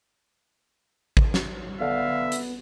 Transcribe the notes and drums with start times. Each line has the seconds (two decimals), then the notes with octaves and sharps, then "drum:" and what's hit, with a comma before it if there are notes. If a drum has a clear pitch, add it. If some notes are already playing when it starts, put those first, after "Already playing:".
1.17 drum: kick
1.34 drum: snare
1.81 D3 B3 E5 F5
2.32 drum: hi-hat